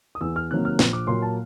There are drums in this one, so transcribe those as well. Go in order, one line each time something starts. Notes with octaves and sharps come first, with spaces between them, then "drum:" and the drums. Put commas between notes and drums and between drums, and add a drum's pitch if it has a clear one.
D#6
E2 E6
F6
C3 D#3 F#3 A#3 F#6
F6
A#1, drum: snare
D6
A#2 F#3 A#3 C6
A5